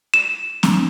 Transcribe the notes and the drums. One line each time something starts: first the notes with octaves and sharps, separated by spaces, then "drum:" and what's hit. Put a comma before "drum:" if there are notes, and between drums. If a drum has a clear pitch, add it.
E7
drum: snare C4